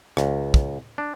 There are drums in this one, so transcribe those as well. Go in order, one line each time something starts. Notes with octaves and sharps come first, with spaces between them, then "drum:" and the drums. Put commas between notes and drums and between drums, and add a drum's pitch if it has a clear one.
C#2, drum: rim click
drum: kick
D4